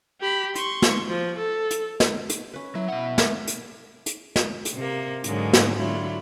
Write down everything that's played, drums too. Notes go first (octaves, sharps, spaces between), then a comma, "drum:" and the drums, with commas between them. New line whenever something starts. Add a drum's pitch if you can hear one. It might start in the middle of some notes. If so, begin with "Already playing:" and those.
G4 B5
C6 C#6, drum: hi-hat
drum: snare
F3
A4
drum: hi-hat
drum: snare
drum: hi-hat
C#4 B4
F#3 E4
B2 F#5
drum: snare
drum: hi-hat
drum: hi-hat
drum: snare
drum: hi-hat
C3 A#3
G#2 D3 F#3 G#3 A#3, drum: hi-hat
drum: snare
D3 F#3 E4 F4